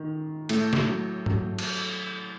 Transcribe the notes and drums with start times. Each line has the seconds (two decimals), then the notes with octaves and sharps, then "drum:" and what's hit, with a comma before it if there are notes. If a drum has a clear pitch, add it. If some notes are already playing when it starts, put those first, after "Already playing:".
Already playing: D#3
0.49 A2 A3, drum: cymbal
0.73 drum: snare
0.88 F#3
1.26 F#3, drum: tom G#2
1.59 drum: cymbal